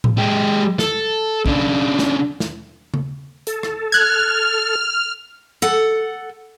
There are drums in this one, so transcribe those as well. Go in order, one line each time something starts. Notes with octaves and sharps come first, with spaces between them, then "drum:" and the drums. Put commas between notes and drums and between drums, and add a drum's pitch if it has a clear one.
drum: tom A2
G#3 G4
A4, drum: snare
C#3 D4, drum: kick
drum: snare
drum: snare
drum: tom C#3
A4, drum: hi-hat
drum: rim click
F6 F#6 G#6
A4 F#5